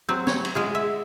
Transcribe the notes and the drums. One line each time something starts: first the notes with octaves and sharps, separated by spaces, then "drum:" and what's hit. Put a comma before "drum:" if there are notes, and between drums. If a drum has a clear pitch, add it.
F#3 C4
C#5, drum: snare
drum: cymbal
G#3 F4 G#4
E5